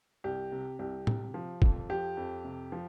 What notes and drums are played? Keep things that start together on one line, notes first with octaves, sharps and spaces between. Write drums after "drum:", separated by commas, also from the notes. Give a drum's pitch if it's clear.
C2 G4
C3
C2 G4
C3, drum: tom
F3
F2, drum: kick
F3 G4
F2
C3
F3